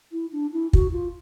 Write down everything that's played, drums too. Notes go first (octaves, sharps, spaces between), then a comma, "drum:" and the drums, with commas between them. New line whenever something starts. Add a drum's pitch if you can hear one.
E4
D4
E4
F#4, drum: kick
F4